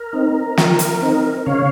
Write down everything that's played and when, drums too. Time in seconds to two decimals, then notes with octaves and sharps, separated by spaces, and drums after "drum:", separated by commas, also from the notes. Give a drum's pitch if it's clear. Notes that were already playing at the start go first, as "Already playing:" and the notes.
Already playing: A#4
0.13 C4 D#4
0.57 F3, drum: snare
0.79 drum: hi-hat
1.02 C4 D#4
1.46 C#3 C#5 F5